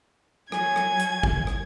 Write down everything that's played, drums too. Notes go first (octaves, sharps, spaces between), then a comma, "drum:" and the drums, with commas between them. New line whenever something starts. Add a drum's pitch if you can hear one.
F#3 G#5 G#6, drum: rim click
drum: rim click
drum: hi-hat
drum: kick
drum: rim click